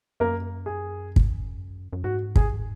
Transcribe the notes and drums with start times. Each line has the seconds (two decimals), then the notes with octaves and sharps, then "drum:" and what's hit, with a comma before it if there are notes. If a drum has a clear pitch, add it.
0.20 F#2 A#3 A#4
0.66 G#4
1.16 drum: kick
1.93 F#2
2.04 G#2 F#4
2.36 G#4, drum: kick